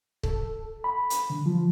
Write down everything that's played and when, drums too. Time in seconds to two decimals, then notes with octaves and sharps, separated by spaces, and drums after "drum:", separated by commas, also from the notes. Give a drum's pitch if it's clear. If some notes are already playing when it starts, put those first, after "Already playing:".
0.23 A4, drum: kick
0.84 B5
1.10 drum: hi-hat
1.30 D3
1.46 F3